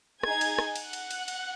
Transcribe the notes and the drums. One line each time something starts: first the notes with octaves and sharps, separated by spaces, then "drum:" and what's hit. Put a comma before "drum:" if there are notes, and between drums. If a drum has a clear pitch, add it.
D#4 G#4 G#5 G#6, drum: rim click
drum: cymbal
drum: rim click
F#5 F#6, drum: cymbal
drum: cymbal
drum: cymbal
drum: cymbal